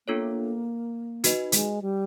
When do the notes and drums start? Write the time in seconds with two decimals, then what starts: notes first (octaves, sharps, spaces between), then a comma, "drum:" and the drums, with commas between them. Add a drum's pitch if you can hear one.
0.07 A#3 B3 D4 F4 A4 C#5
1.24 D#4 F#4 B4 D#5, drum: hi-hat
1.52 G#3, drum: hi-hat
1.82 G3